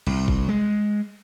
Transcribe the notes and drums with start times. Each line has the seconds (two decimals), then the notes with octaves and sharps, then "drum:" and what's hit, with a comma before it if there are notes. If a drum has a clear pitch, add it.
0.07 C2, drum: cymbal
0.28 drum: kick
0.49 G#3